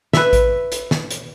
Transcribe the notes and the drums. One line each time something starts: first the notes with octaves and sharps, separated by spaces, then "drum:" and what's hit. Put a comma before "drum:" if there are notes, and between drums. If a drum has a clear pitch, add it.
B4 E5, drum: snare
drum: kick A1, hi-hat
drum: hi-hat
drum: snare
drum: hi-hat